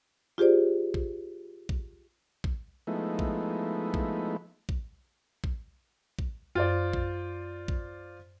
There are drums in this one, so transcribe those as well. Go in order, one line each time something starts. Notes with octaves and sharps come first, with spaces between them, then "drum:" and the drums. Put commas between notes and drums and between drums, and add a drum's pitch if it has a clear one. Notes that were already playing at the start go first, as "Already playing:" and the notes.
F4 G4 G#4 C5 D5
drum: kick
drum: kick
drum: kick
F3 G#3 A3 B3 D#4 E4
drum: kick
drum: kick
drum: kick
drum: kick
drum: kick
F#2 F4 C5 D5
drum: kick
drum: kick